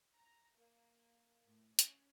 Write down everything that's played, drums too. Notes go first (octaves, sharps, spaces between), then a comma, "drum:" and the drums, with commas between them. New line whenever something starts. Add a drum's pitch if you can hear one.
A#5
A#3
A2
C#4, drum: hi-hat